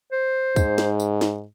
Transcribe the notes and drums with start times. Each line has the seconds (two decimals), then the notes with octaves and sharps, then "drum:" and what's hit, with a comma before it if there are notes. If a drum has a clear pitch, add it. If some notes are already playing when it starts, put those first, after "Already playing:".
0.12 C5
0.56 G#2, drum: kick, tambourine
0.78 drum: snare
1.00 drum: tambourine
1.21 drum: snare